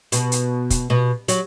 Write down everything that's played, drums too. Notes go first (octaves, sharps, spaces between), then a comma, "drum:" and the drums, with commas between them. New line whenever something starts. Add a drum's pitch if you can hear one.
B2, drum: hi-hat
drum: hi-hat
drum: kick, hi-hat
B2
F#3, drum: hi-hat